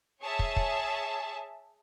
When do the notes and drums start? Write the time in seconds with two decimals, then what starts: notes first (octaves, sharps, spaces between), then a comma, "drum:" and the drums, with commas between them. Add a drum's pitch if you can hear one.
0.23 G#4 C#5 E5 A5
0.39 drum: kick
0.56 drum: kick